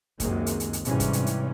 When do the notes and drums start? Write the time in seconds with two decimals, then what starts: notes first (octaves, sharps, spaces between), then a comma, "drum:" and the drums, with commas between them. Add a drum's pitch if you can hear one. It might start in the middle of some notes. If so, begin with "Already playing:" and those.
0.20 C#2 F#2 C3 D#3 G#3 A#3, drum: kick, hi-hat
0.46 drum: hi-hat
0.60 drum: hi-hat
0.73 drum: hi-hat
0.85 G#2 C3 E3 G3 C#4, drum: hi-hat
1.00 drum: kick, hi-hat
1.13 drum: hi-hat
1.26 drum: hi-hat